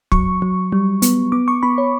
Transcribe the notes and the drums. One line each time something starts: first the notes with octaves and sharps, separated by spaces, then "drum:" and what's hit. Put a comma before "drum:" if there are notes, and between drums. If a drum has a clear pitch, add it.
F#3 C#6, drum: kick
F#3
G3
B3, drum: hi-hat
B3 D6
C#6
B3 B5
C#5